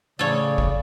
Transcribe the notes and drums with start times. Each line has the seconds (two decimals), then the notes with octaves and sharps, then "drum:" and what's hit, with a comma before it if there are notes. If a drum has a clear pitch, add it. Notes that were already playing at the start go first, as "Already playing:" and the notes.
0.19 A2 C#3 E3 A4 C#5 D5
0.58 drum: kick